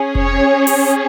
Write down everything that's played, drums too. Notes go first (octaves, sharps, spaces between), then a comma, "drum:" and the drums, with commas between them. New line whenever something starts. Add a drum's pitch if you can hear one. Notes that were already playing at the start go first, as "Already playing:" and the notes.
Already playing: C#4 G#4
C#5, drum: kick F1
drum: open hi-hat